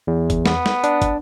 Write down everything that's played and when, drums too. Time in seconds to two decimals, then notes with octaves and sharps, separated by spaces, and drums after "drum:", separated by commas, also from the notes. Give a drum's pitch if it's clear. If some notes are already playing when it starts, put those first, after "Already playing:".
0.07 E2
0.30 drum: kick, hi-hat
0.46 B3, drum: snare
0.66 drum: snare
0.84 D4, drum: hi-hat
1.02 drum: kick, hi-hat